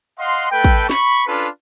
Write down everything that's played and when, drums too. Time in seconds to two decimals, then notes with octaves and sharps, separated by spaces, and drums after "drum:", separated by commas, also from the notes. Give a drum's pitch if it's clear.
0.18 D#5 F5 F#5 C6
0.51 A3 A4 B4 G5
0.65 drum: kick
0.89 B5 C#6, drum: snare
1.27 C#4 D4 F4 A4 B4